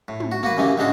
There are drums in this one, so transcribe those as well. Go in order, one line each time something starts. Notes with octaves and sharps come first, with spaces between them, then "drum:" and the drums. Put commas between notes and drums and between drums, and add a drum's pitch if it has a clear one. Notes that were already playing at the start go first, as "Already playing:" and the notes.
A2
drum: tom
F#4
A#3 F#4 B4, drum: tom
F#2 C#3 E3 G3 A#3
C#2 A2 D3 G#3 F#4 A4